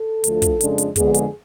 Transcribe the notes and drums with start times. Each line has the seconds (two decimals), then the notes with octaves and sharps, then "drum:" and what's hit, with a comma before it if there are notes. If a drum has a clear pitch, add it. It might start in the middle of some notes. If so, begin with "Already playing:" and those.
Already playing: A4
0.24 D2 D3 F3 A3, drum: hi-hat
0.42 drum: kick, hi-hat
0.61 F2 C#3 G#3 D4, drum: hi-hat
0.78 drum: hi-hat
0.96 F2 D3 G#3 B3 D4 G#4, drum: kick, hi-hat
1.14 drum: hi-hat